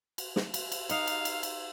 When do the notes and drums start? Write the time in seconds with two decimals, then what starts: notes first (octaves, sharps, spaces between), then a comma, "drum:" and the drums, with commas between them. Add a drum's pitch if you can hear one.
0.18 drum: cymbal
0.36 drum: snare
0.54 drum: cymbal
0.72 drum: cymbal
0.90 D#4 F5 F#5, drum: cymbal
1.07 drum: cymbal
1.25 drum: cymbal
1.43 drum: cymbal